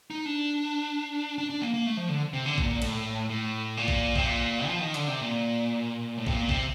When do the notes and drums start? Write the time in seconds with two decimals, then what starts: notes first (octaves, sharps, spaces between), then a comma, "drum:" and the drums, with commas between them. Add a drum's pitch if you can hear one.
0.11 D#4
0.26 D4
1.38 D4
1.50 D4
1.62 A#3
1.74 A#3
1.86 A3
1.97 F3
2.09 D3
2.33 C3
2.46 D3
2.58 A#2, drum: kick
2.70 A#2
2.82 A2, drum: cymbal
3.30 A2
3.77 A#2
3.88 drum: kick
4.16 C3, drum: kick
4.25 A#2
4.67 F3
4.81 D#3
4.94 D3, drum: hi-hat
5.08 C3
5.21 A#2
6.17 A2
6.27 C3, drum: kick
6.34 A#2
6.49 C3, drum: kick